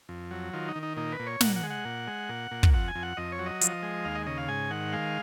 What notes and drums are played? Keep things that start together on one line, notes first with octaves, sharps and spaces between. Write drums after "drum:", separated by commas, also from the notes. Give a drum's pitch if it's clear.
F2
F#3
D#3 F4
D#4
D#3
D#4
A#2 D#4
B4
A#2
C#5
A#2 F#5, drum: snare
F#5
G#3
F#5
A#2
G#3
A#2
A#2
drum: kick
F2 F#5
G#5
F2
F#5
F2 D#5
C#5
F#3
D#5
F3, drum: hi-hat
G#3
D#2 F5
D#5
C#3 D#5
F5
G#2 G#5
D#3 F#5
G#3 F5